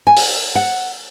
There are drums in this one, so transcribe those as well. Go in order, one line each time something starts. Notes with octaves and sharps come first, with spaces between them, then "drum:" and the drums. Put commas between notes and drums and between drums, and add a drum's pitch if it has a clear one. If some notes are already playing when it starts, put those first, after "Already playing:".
G#5
drum: open hi-hat
F#5